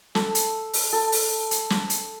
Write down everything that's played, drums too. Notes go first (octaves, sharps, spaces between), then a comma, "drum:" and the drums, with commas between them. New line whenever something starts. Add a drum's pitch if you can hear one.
A4, drum: snare
drum: hi-hat
drum: open hi-hat
A4
drum: open hi-hat
drum: hi-hat
drum: snare
drum: hi-hat